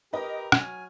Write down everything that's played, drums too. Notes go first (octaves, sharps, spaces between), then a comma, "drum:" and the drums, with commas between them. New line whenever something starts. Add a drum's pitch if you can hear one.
G4 A#4 B4 D#5
F#3 G#5 F6, drum: rim click